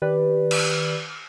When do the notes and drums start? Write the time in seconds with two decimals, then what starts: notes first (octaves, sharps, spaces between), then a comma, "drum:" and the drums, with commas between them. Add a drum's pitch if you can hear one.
0.02 D#3 G4 B4 D5
0.51 drum: cymbal